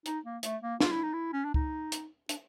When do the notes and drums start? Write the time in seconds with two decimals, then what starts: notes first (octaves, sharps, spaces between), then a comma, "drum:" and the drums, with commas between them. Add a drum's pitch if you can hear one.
0.06 D#4, drum: hi-hat
0.25 A#3
0.43 A3, drum: hi-hat
0.62 A#3
0.80 F4, drum: snare
0.92 E4
1.03 D#4
1.13 E4
1.33 C#4
1.44 D4
1.54 D#4, drum: kick C#2
1.92 drum: hi-hat
2.29 D4, drum: hi-hat